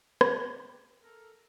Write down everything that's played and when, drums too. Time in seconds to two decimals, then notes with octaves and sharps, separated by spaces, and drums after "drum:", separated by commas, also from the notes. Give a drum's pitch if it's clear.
0.21 G4, drum: rim click
1.02 A4 A#4 A#5